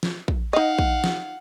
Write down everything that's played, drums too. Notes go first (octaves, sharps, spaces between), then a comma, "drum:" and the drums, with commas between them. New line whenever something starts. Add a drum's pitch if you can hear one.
drum: snare
drum: kick A#1
D#4 D#5 F5 F#5
drum: kick A#1
drum: snare